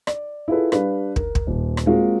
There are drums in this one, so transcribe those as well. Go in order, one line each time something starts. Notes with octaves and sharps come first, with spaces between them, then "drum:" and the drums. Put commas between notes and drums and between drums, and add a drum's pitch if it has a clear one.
D5, drum: rim click
E4 F4 G#4 A4 B4
G3 D4 B4 F5, drum: rim click
A#4, drum: kick
drum: kick
D#1
drum: rim click
G#3 A#3 C4 F4 F#4